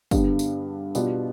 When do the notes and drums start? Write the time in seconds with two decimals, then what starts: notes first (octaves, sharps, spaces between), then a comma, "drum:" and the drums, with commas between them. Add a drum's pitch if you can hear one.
0.11 G2 D3 G3 B3, drum: kick, tambourine
0.39 drum: tambourine
0.95 B2 G3 B3 D4 F4, drum: tambourine